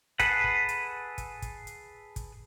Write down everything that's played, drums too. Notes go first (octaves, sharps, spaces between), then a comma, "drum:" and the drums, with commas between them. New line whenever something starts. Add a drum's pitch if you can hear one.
G#4 A4 B4 F#5, drum: kick, hi-hat
drum: kick
drum: hi-hat
drum: kick, hi-hat
drum: kick, hi-hat
drum: hi-hat
drum: kick, hi-hat